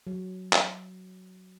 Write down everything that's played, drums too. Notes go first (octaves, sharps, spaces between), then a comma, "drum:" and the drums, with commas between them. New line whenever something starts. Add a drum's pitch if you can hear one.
F#3
drum: clap